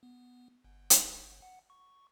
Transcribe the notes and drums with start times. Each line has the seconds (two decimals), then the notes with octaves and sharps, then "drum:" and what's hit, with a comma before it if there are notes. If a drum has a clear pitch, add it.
0.03 B3
0.65 G1
0.90 drum: hi-hat
1.42 F#5
1.70 C#6